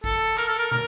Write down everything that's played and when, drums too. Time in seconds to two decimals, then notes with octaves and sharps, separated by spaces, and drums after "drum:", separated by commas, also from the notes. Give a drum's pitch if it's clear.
0.04 A4, drum: kick G#1
0.38 A#4, drum: clap
0.48 A4
0.59 A#4
0.72 A#4, drum: tom